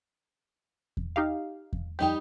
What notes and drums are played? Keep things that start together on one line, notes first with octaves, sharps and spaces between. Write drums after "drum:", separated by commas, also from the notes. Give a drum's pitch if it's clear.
drum: kick E2
D#4 G4 F5
drum: kick E2
F2 G3 D#4 G4 G5